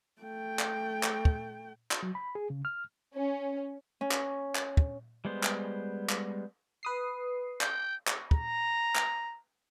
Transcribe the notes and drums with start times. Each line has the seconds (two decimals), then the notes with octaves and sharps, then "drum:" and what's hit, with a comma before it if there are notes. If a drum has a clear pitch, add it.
0.22 A3 G5
0.59 drum: clap
1.03 drum: clap
1.25 drum: kick
1.91 drum: clap
2.03 F#3
2.15 B5
2.35 G#4
2.50 C#3
2.65 F6
3.15 C#4
4.01 C#4
4.11 drum: clap
4.55 drum: clap
4.77 drum: kick
5.25 G3 G#3 B3 C5
5.43 drum: clap
6.09 drum: clap
6.83 B4 D#6 C7
7.61 G5, drum: clap
8.07 drum: clap
8.31 A#5, drum: kick
8.95 drum: clap